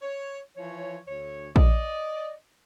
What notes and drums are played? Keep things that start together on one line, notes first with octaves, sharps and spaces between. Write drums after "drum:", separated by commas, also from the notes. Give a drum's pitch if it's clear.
C#5
E3 F3 C#5
D2 C#5
D5 D#5, drum: kick A#1